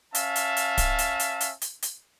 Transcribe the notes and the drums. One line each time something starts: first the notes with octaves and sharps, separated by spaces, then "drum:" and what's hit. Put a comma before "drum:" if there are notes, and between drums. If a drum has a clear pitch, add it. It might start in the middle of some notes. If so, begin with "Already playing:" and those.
C#4 E5 F5 A5, drum: hi-hat
drum: hi-hat
drum: hi-hat
drum: kick D1, hi-hat
drum: hi-hat
drum: hi-hat
drum: hi-hat
drum: hi-hat
drum: hi-hat